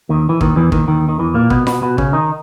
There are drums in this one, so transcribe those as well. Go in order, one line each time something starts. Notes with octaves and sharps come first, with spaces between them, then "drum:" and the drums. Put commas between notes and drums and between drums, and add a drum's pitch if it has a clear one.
D#2 D#3
E3
D#2 D#3, drum: kick
E2 E3
D#2 D#3, drum: kick
D#2 D#3
D#3
E2 E3
A#2 A#3
B2 B3, drum: kick
B2 B3, drum: snare F4
B2 B3
C#3 C#4, drum: kick
D#3 D#4